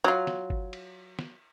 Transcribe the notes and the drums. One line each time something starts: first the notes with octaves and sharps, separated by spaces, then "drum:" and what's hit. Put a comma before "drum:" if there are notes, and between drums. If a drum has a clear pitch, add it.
F#3 F4
drum: snare
drum: kick
drum: cymbal
drum: snare